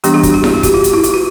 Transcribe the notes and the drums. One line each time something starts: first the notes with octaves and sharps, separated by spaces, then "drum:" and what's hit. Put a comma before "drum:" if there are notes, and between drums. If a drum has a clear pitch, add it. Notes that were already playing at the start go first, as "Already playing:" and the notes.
E3 G3 B3 D4 G4, drum: hi-hat
G#4
F#4, drum: kick, hi-hat
G4
G#4, drum: snare E4
G4
F#4, drum: kick, hi-hat
F4
drum: hi-hat
E4
F4, drum: hi-hat
F#4